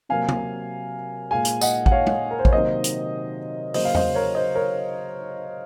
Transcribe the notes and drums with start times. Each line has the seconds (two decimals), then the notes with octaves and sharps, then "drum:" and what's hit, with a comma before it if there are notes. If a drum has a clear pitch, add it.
0.09 C3 F#3 A#3 F5 G#5
0.29 drum: tom
1.31 A#2 G#3 F5 G#5
1.45 drum: hi-hat
1.61 D#5 F#5, drum: tambourine
1.86 F#5, drum: kick A1
1.92 C#5 F5
2.07 drum: tom G#3
2.31 A#4
2.39 C5
2.45 C#5, drum: kick A1
2.53 C3 D#3 F#3 A#3 C5 D#5
2.84 drum: hi-hat
3.74 C#3 F#3 A#3 C5 D#5, drum: open hi-hat
3.85 F5
3.95 C5 D#5, drum: tom E2
4.15 A#4 C#5
4.35 C5 D#5
4.55 A#4 C#5